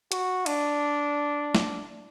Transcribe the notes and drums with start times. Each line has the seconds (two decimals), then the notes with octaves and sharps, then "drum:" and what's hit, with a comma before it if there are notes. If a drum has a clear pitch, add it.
0.12 F#4, drum: hi-hat
0.46 D4, drum: cymbal
1.55 drum: snare